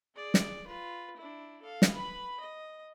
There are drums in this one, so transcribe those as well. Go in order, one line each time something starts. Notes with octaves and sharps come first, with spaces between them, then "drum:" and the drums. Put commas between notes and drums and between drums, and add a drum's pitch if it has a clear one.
G#4 D5
drum: snare
F4 B4
D4 E4
A4 F5
drum: snare
B4 B5
D#5